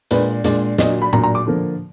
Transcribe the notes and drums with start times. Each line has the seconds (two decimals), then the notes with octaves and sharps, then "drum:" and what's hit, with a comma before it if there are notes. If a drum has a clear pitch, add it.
0.11 A#2 G#3 D4 B4, drum: hi-hat
0.44 A#2 G#3 D4 D5, drum: hi-hat
0.78 A#2 F#3 D4 D#5, drum: snare
1.02 B5
1.13 A#2 F#3 D4 A#5, drum: tom A2
1.23 A#5
1.35 D6
1.46 D3 F3 A#3